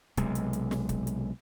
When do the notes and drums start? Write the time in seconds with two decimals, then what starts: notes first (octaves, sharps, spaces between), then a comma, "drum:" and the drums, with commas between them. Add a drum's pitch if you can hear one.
0.17 B1 C3 G#3, drum: kick, hi-hat
0.35 drum: hi-hat
0.53 drum: hi-hat
0.71 drum: snare
0.89 drum: kick, hi-hat
1.07 drum: hi-hat